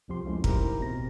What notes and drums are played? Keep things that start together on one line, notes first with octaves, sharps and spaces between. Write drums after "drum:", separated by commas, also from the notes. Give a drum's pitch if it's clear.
C2 F2 F3 G4 C6
F3 G#3 A3 C#4 E4
D#4 E4 G4 A#4 C5 A#5, drum: kick
A1 B2 C4 A#6